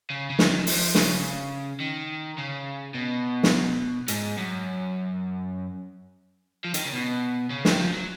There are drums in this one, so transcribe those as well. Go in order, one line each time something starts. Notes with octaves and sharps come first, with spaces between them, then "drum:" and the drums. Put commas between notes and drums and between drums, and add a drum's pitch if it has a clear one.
C#3
C#3
D#3, drum: snare
F3, drum: open hi-hat
C#3, drum: snare
D#3
C#3
B2
drum: snare
G#2, drum: hi-hat
F#2
F3
D#3, drum: hi-hat
C#3
B2
C#3
D#3, drum: snare
F3
F#3